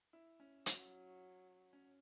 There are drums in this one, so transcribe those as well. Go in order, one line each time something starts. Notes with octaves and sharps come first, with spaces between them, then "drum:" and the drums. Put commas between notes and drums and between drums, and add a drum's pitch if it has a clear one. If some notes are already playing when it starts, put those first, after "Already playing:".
E4
C#4
F#3, drum: hi-hat
C#4